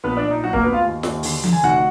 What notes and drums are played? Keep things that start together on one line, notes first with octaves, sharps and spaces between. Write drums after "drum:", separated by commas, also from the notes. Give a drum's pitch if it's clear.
A#1 B3 B4
D4 D5
A#1
D#4 D#5
F#3 F#4 F#5
A#3 A#4, drum: kick
D2 B3 B4
F4 F5
D#2
D#2, drum: snare
D3, drum: open hi-hat
D3, drum: tom E3
G#5
F1 F#4 F#5